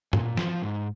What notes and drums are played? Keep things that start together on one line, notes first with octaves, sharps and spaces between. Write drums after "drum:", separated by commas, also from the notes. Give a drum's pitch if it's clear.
A#2, drum: tom G2
F3, drum: snare
G#2